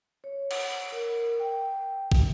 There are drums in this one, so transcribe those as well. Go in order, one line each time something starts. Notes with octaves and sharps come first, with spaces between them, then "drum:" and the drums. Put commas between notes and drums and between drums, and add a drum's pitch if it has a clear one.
C#5
F#5, drum: cymbal
A#4
G5
drum: kick